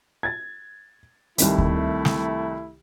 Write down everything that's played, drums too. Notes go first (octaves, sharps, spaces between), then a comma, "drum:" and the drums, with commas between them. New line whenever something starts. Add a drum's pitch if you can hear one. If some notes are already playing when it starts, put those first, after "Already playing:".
G#6 A6
C2 C3 D#3 A3 E4, drum: hi-hat
drum: kick D2
drum: snare